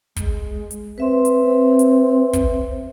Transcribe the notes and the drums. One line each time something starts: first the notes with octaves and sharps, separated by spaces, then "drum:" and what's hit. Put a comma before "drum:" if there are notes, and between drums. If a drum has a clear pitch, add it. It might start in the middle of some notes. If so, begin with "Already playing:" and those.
G#3, drum: kick, hi-hat
drum: hi-hat
C4 B4 E5 C6
drum: hi-hat
C4
drum: hi-hat
drum: kick, hi-hat